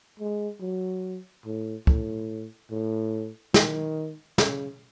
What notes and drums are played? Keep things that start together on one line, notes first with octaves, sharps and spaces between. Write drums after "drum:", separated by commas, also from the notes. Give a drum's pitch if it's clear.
G#3
F#3
A2
A2, drum: kick
A2
D#3, drum: snare
C#3, drum: snare